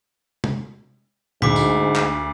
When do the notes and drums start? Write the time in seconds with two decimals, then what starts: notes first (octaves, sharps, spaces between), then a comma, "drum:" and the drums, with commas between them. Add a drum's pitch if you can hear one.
0.44 drum: tom
1.42 D2 G#2 D6 B6, drum: tom A#2
1.56 drum: tambourine
1.96 drum: clap